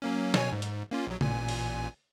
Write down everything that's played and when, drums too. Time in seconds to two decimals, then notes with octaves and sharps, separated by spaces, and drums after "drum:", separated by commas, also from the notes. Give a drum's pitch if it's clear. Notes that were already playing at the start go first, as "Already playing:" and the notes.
0.02 F#3 A#3 C#4
0.34 B2 C#5 G#5, drum: snare
0.52 G#2
0.62 drum: hi-hat
0.91 A#3 C#4 F4
1.07 A#1 F#3
1.21 A1 A#2 G#5, drum: tom C#3
1.48 drum: open hi-hat